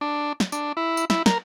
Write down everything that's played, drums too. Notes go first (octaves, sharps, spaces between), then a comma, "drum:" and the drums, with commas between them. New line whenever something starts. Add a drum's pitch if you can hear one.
D4
drum: snare
D4, drum: tambourine
E4
drum: tambourine
E4, drum: snare
A#4, drum: snare